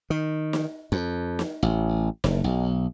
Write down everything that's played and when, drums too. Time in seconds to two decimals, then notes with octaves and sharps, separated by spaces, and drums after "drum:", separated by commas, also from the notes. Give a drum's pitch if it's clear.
0.10 D#3
0.53 drum: snare
0.92 F2
1.39 drum: snare
1.63 A1
2.24 F#1, drum: snare
2.44 B1